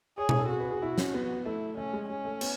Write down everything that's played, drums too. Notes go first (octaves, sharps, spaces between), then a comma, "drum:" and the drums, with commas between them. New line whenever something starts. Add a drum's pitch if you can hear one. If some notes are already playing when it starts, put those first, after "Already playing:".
G#4 C#5
C#5, drum: tom B2
A4
F#4 G#4
B4
G#4
E4
C#4, drum: snare
B3
A3 E4
A3 C#4
G#3
G#3 C#4
A3
B3, drum: cymbal